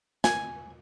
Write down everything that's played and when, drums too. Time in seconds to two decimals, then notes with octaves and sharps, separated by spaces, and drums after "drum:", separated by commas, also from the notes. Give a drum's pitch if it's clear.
0.24 G#5, drum: snare